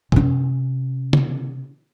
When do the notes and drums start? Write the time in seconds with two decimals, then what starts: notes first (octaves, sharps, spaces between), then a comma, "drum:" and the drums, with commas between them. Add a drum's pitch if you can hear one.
0.12 C3 C#4, drum: tom
1.13 drum: tom